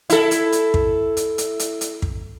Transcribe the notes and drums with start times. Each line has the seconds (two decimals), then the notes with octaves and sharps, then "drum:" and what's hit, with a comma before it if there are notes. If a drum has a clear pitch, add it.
0.10 E4 A4, drum: hi-hat
0.31 drum: hi-hat
0.52 drum: hi-hat
0.74 drum: kick
1.17 drum: hi-hat
1.38 drum: hi-hat
1.59 drum: hi-hat
1.81 drum: hi-hat
2.02 drum: kick